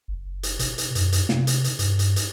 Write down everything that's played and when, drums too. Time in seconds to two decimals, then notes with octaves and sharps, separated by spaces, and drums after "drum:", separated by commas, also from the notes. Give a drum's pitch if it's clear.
0.08 F#1
0.43 drum: hi-hat
0.59 B2, drum: hi-hat
0.78 drum: hi-hat
0.95 F#2, drum: hi-hat
1.12 drum: hi-hat
1.29 C3, drum: snare
1.47 drum: hi-hat
1.64 drum: hi-hat
1.79 G2, drum: hi-hat
1.99 drum: hi-hat
2.16 drum: hi-hat